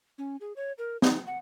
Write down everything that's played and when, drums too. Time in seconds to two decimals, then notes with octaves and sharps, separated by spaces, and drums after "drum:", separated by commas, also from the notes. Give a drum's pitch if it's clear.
0.18 C#4
0.41 G#4
0.56 C#5
0.78 A#4
1.02 D#4, drum: snare
1.26 F#5